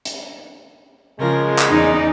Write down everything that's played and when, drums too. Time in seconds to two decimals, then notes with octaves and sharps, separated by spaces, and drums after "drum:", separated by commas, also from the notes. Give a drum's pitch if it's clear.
0.05 drum: hi-hat
1.20 C#3 F3 G#3 A#4
1.58 drum: clap
1.69 E2 C#4 D#4 D5